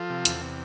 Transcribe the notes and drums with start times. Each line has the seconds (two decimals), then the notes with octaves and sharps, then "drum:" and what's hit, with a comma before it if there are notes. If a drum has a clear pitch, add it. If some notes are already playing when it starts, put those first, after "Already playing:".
Already playing: F3 F4 A4
0.10 C3
0.25 E2, drum: hi-hat
0.41 C3